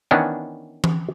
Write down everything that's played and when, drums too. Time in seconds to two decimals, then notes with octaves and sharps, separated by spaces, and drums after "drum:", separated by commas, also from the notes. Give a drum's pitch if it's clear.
0.11 D#3 E3 B3 C#4 D4
0.84 drum: tom E3